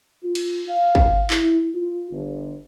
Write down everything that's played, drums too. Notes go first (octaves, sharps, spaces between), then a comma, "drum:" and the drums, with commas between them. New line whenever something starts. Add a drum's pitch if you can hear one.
F4
drum: cymbal
F5
drum: kick
E4, drum: clap
F4
G1